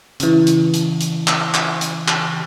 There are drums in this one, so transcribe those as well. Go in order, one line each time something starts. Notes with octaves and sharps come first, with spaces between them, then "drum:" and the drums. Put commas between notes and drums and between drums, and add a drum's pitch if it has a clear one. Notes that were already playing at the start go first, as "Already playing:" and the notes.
C#3 E3, drum: hi-hat
drum: hi-hat
drum: hi-hat
drum: hi-hat
drum: clap
drum: clap
drum: hi-hat
drum: clap